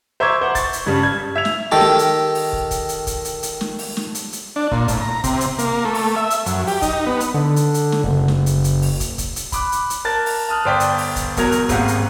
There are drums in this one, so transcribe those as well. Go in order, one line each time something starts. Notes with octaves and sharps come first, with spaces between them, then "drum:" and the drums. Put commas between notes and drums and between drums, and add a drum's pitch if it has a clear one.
C5 E5 A#5 C#6 D6 G#6
C5 F#5
C#6 A6, drum: kick, hi-hat
drum: hi-hat
G2 C#3 G3
G#6
E5 G#6 F7
drum: snare
D#3 G4 A4 D6
drum: snare
drum: hi-hat
drum: open hi-hat
drum: kick
drum: kick, hi-hat
drum: hi-hat
drum: kick, hi-hat
drum: hi-hat
drum: hi-hat
drum: snare
drum: open hi-hat
drum: snare
drum: hi-hat
drum: hi-hat
D4
A#2, drum: kick
A2, drum: kick, hi-hat
A#5
C3, drum: kick, hi-hat
drum: hi-hat
A#3, drum: hi-hat
A3
drum: open hi-hat
E5
drum: hi-hat
F#2, drum: hi-hat
G4, drum: open hi-hat
D#4, drum: kick, hi-hat
B3
drum: hi-hat
D3
drum: hi-hat
drum: hi-hat
drum: snare
F#1
drum: snare
drum: hi-hat
drum: hi-hat
drum: open hi-hat
drum: kick, hi-hat
drum: kick, hi-hat
drum: hi-hat
B5 D6 F#6, drum: kick, hi-hat
drum: hi-hat
drum: hi-hat
A#4 A5 F#6 A6
drum: open hi-hat
A5 D#6 F6 F#6
G1 C5 D5 G5 D#6 B6
drum: hi-hat
drum: open hi-hat
drum: kick, hi-hat
E2 F#3 A#4 G#6 F7, drum: kick, hi-hat
drum: hi-hat
G#1 G#2 C3 A#3 F5 F#5, drum: kick, hi-hat
drum: hi-hat